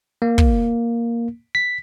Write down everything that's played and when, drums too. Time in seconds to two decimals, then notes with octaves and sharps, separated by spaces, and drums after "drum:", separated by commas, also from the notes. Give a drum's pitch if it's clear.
0.22 A#3
0.38 drum: kick
1.55 B6